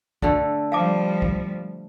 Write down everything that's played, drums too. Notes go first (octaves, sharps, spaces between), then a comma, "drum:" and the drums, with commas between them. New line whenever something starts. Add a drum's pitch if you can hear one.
D3 A3, drum: kick
F3 G3 F5 A5 D6
drum: kick